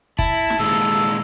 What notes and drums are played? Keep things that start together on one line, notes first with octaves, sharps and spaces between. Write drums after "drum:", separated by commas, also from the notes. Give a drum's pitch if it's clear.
E4 A5, drum: kick
drum: snare
A#2 D#3 G#3 A4